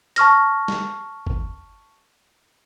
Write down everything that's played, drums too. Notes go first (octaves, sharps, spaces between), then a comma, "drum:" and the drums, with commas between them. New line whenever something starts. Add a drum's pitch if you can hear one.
A5 C#6 F6 A#6, drum: hi-hat
drum: snare
drum: kick